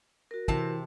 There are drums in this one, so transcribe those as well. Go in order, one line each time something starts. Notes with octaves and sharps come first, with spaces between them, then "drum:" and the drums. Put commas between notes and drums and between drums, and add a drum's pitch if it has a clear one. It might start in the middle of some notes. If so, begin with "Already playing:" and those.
F#4 A#4
C3 E3 A5, drum: kick